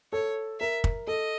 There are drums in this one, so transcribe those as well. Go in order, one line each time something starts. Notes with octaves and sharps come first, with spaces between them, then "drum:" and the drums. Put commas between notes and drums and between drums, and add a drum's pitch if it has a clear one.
A4 C#5
A#4 E5
drum: kick
A4 D#5